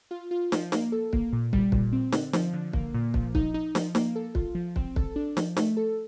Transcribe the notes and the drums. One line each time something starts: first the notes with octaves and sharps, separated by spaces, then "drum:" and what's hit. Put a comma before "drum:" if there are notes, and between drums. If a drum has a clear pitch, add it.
F4
F4
F3, drum: snare
A#3, drum: snare
A4
A#3, drum: kick
A#2
G3, drum: kick
A#2, drum: kick
C4
D3, drum: snare
F3, drum: snare
D3
A#3, drum: kick
A#2
F3, drum: kick
D#4, drum: kick
D#4
F3, drum: snare
A#3, drum: snare
A4
F4, drum: kick
F3
C4, drum: kick
A4, drum: kick
D4
F3, drum: snare
A3, drum: snare
A4